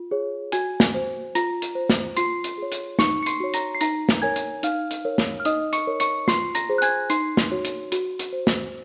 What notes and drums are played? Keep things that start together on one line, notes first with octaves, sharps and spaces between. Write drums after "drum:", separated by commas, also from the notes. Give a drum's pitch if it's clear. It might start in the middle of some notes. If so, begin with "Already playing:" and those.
Already playing: F4
G#4 C#5
F#4 G#5 G#6, drum: hi-hat
drum: snare
C5
F4 A#5 A#6, drum: hi-hat
drum: hi-hat
C5
drum: snare
F4 C6 C7, drum: hi-hat
drum: hi-hat
G#4 C#5
drum: hi-hat
D#4 C#6 C#7, drum: snare
C#7
C6 C7, drum: hi-hat
F#4 C#5
A#5 A#6, drum: hi-hat
C7
D#4 A#5 A#6, drum: hi-hat
drum: snare
A#4 C#5 G#5 G#6
drum: hi-hat
D#4 F5 F6, drum: hi-hat
drum: hi-hat
A#4 C#5
drum: snare
F6
D#4 D#5 D#6, drum: hi-hat
C#6 C#7, drum: hi-hat
A#4 C#5
C#6 C#7, drum: hi-hat
F4 C6 C7, drum: snare
A#5 A#6, drum: hi-hat
G#4 C5
F#6
G#5 G#6, drum: hi-hat
D#4 C6 C7, drum: hi-hat
drum: snare
F#4 C#5
drum: hi-hat
F#4, drum: hi-hat
drum: hi-hat
C5
drum: snare